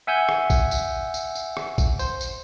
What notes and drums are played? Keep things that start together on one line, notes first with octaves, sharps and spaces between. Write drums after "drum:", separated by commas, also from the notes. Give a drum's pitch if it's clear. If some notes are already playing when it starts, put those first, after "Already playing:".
E5 F#5 G#5 E6 G6
drum: rim click
drum: kick, tambourine
drum: tambourine
drum: tambourine
drum: tambourine
drum: rim click
drum: kick, tambourine
C5, drum: tambourine
drum: tambourine